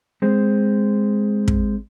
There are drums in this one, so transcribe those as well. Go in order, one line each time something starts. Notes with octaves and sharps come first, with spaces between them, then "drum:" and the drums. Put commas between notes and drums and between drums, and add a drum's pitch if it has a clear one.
G#3 C4
drum: kick